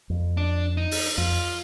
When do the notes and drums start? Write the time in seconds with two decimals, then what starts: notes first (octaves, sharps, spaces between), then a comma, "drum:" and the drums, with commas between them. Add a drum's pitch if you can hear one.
0.10 F2
0.37 D4
0.77 D#4
0.91 drum: open hi-hat
1.18 F2 F4